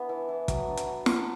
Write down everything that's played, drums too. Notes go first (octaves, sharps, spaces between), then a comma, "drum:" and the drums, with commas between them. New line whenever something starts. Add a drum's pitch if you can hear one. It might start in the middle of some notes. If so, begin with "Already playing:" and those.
Already playing: B3 D4 E4
E3
E3
F#3, drum: kick, hi-hat
D4
drum: hi-hat
F#3
D4, drum: snare